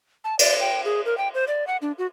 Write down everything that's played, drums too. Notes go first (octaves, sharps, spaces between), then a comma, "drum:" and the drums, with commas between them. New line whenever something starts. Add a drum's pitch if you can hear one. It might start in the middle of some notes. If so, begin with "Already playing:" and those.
A5
D5, drum: cymbal
G5
G#4
A#4
G5
C5
D5
F#5
D4
F#4